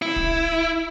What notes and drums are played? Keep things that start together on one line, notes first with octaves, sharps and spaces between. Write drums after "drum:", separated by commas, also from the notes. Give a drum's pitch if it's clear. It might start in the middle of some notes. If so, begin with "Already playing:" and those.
E4
drum: kick